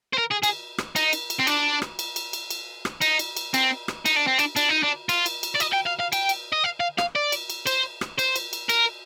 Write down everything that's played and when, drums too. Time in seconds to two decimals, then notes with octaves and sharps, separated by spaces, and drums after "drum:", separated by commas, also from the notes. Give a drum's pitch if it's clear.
0.14 C5
0.18 A#4
0.31 G#4
0.43 G#4, drum: cymbal
0.78 drum: rim click
0.96 D#4, drum: cymbal
1.13 drum: cymbal
1.30 drum: cymbal
1.40 C4
1.47 D4, drum: cymbal
1.82 drum: rim click
1.99 drum: cymbal
2.16 drum: cymbal
2.33 drum: cymbal
2.50 drum: cymbal
2.85 drum: rim click
3.02 D#4, drum: cymbal
3.19 drum: cymbal
3.37 drum: cymbal
3.54 C4, drum: cymbal
3.88 drum: rim click
4.06 D#4, drum: cymbal
4.16 D4
4.28 C4
4.39 D4, drum: cymbal
4.56 D4, drum: cymbal
4.70 D#4
4.83 D4
5.09 F4, drum: cymbal
5.26 drum: cymbal
5.43 drum: cymbal
5.55 D5
5.60 D#5, drum: cymbal
5.73 G5
5.86 F5
5.99 F5
6.12 G5, drum: cymbal
6.29 drum: cymbal
6.52 D#5
6.64 F5
6.80 F5
6.98 F5, drum: rim click
7.16 D5
7.32 drum: cymbal
7.50 drum: cymbal
7.67 C5, drum: cymbal
8.01 drum: rim click
8.19 C5, drum: cymbal
8.36 drum: cymbal
8.53 drum: cymbal
8.69 A#4, drum: cymbal